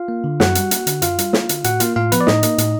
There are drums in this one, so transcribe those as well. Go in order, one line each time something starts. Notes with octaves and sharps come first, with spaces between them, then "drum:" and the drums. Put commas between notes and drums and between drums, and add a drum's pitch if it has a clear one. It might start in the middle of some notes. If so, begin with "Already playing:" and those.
Already playing: F4 F5
A#3
D3
F#2 F#4 F#5, drum: snare
G3, drum: hi-hat
A#3, drum: hi-hat
D3, drum: hi-hat
F#2 F4 F5, drum: hi-hat
G3, drum: hi-hat
A#3, drum: snare
D3, drum: hi-hat
A2 F#4 F#5, drum: hi-hat
A#3 F4 F5, drum: hi-hat
A2 F4 F5
F3 B3 B4, drum: hi-hat
D5
A2 D#4 D#5, drum: snare
A#3, drum: hi-hat
A2, drum: hi-hat